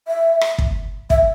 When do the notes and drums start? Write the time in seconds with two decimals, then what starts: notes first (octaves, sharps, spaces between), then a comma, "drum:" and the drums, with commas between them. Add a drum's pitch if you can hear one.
0.08 E5
0.41 drum: rim click
0.58 drum: kick
1.10 E5, drum: kick